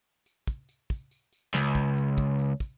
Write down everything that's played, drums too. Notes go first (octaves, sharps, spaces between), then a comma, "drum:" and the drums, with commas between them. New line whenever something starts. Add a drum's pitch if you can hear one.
drum: tambourine
drum: kick, tambourine
drum: tambourine
drum: kick, tambourine
drum: tambourine
drum: tambourine
C#2, drum: snare
drum: kick, tambourine
drum: tambourine
drum: kick, tambourine
drum: tambourine
drum: kick, tambourine